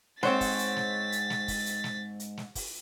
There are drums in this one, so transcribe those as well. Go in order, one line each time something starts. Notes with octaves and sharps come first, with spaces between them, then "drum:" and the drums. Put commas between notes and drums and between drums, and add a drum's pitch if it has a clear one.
G#2 C4 C5 C#5 F#5 A6 B6, drum: snare
drum: kick, open hi-hat
drum: hi-hat
drum: snare
drum: hi-hat
drum: snare
drum: kick, open hi-hat
drum: hi-hat
drum: snare
drum: hi-hat
drum: snare
drum: kick, open hi-hat